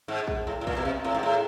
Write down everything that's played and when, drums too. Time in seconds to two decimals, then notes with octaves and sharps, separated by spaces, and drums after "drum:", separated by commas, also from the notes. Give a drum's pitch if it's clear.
0.08 G#2
0.28 drum: kick
0.47 A2
0.61 A2
0.67 A#2, drum: kick
0.77 B2
0.85 C3
1.04 A2
1.15 G#2
1.23 A2